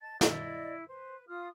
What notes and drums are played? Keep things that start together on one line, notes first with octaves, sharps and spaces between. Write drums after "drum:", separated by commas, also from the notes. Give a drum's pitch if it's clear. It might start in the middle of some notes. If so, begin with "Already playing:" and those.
D#5 A5 A6
E4 D5 D#5, drum: snare
B4 C5
F4 F5 D#6 F6